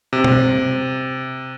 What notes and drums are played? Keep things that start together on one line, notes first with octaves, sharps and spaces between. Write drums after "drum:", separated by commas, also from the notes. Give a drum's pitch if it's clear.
C3
drum: tom B2